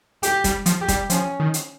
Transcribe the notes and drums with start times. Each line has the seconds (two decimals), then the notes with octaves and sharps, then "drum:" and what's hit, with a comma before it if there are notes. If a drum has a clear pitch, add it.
0.23 G4, drum: hi-hat
0.44 G3, drum: kick, hi-hat
0.66 F3, drum: hi-hat
0.81 G4
0.88 G3, drum: kick, hi-hat
1.10 F3 C#4, drum: hi-hat
1.40 D#3
1.54 drum: hi-hat